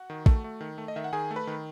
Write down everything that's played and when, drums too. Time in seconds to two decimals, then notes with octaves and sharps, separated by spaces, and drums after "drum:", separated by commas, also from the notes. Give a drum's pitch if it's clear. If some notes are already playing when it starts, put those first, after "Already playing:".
Already playing: F#4 F#5
0.10 D#3
0.26 A3, drum: kick
0.44 A3
0.61 D#3
0.78 A3
0.88 D#5
0.96 D#3 E5
1.04 F#5
1.13 D#3 G#4 G#5
1.31 A3
1.36 B4 B5
1.47 D#3